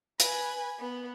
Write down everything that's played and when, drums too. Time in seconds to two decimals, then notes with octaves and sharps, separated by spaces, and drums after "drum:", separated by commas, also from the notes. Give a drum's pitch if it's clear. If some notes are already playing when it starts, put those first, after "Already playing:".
0.20 B4 G#5, drum: hi-hat
0.79 B3